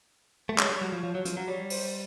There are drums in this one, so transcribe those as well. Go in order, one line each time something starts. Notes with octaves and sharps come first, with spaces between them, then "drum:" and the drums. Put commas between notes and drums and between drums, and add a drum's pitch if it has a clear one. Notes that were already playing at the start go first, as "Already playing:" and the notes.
A3
G#3 C#5, drum: clap
G3
F#3
F3
F3
F#3
F3, drum: hi-hat
F#3
G3 C#5
C5, drum: open hi-hat